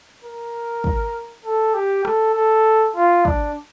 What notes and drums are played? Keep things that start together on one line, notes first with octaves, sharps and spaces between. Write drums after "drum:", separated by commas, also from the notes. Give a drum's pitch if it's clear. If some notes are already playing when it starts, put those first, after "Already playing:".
A#4
drum: kick
A4
G4
A4, drum: rim click
A4
F4
D4, drum: kick